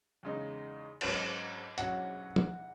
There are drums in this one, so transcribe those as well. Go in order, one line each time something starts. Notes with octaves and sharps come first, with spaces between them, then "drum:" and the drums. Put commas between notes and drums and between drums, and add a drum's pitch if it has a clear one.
E2 C#3 G#3 D#4
G#2 F#3 C#4 F#4, drum: cymbal
F#3 C#4 F#4 F#5, drum: hi-hat
drum: tom